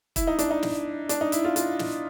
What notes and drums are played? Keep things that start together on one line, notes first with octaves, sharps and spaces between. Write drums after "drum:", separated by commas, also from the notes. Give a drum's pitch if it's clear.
E4, drum: kick, hi-hat
D#4
D4, drum: hi-hat
D#4
drum: snare
D4, drum: hi-hat
D#4
E4, drum: hi-hat
F4
F4, drum: hi-hat
drum: snare